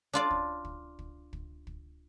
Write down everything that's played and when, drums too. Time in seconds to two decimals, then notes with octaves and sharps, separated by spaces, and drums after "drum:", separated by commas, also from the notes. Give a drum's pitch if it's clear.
0.13 D4 F4 D5
0.31 drum: kick
0.65 drum: kick
0.99 drum: kick
1.33 drum: kick
1.67 drum: kick